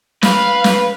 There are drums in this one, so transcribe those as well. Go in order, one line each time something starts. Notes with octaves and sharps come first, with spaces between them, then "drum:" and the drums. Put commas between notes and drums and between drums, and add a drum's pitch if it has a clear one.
B4 F5, drum: snare
drum: snare